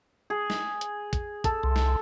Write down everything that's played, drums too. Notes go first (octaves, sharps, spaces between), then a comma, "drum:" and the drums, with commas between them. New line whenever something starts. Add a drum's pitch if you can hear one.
G#4
drum: snare
drum: hi-hat
drum: kick, hi-hat
A4, drum: kick, hi-hat
C2
drum: snare